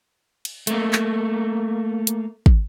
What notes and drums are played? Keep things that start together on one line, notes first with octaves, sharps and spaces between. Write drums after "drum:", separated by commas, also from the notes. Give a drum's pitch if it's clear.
drum: cymbal
A3 A#3, drum: hi-hat
drum: clap
drum: hi-hat
drum: kick